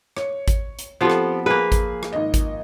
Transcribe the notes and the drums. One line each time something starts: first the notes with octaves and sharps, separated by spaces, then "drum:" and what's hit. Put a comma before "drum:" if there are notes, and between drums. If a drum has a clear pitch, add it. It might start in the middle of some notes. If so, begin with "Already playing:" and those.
C#5, drum: rim click
drum: kick G#1, hi-hat
drum: hi-hat
F3 B3 C4 G4 A4
drum: rim click
A#3 G#4 B4
drum: kick G#1, hi-hat
drum: rim click
G#1 D#5
drum: kick G#1, hi-hat